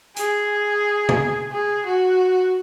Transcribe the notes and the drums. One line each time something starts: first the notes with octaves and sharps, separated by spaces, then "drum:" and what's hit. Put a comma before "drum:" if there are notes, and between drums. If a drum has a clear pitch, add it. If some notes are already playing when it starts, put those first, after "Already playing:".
G#4, drum: hi-hat
drum: tom
G#4
F#4